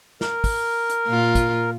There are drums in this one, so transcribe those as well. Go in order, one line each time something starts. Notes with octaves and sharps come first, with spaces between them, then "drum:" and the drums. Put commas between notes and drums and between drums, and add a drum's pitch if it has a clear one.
A#4, drum: snare
drum: kick, open hi-hat
drum: hi-hat
A#2 F4
drum: kick, hi-hat